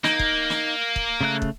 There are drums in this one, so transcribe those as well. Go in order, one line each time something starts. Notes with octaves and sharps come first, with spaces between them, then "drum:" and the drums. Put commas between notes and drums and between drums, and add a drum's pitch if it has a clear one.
A#3 D#4, drum: snare
drum: kick
drum: snare
drum: kick
C#3 A3 F#6
drum: kick